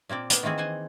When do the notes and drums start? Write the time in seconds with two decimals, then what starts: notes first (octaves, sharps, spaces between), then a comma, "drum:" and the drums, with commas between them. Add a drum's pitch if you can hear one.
0.09 A#2 A#3 C4 D5
0.30 A#3 B3, drum: hi-hat
0.43 D#3 E3 A#3 C4 G#4
0.58 C5 F#5 G#5